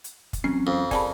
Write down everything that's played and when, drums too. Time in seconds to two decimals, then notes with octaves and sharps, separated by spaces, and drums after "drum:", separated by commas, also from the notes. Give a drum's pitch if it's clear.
0.04 drum: hi-hat
0.33 drum: kick, hi-hat
0.44 E2 F#3 C4 C#4
0.67 F2
0.91 G#4 A#4 D5 G#5 A5 B5, drum: kick, open hi-hat